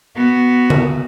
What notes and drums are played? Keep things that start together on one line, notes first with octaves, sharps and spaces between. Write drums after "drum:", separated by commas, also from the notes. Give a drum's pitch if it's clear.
B3 F#4
drum: tom C#3